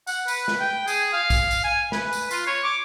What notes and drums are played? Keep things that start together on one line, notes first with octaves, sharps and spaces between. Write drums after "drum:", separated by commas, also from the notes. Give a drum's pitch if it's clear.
F#5, drum: tambourine
B4, drum: tambourine
drum: snare
G5
G#4, drum: tambourine
F5
drum: kick, tambourine
drum: tambourine
G#5
B4, drum: snare
drum: tambourine
F4, drum: tambourine
C#5
D6